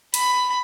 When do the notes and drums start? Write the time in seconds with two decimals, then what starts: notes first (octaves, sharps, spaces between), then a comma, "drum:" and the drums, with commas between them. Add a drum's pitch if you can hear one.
0.14 B5, drum: hi-hat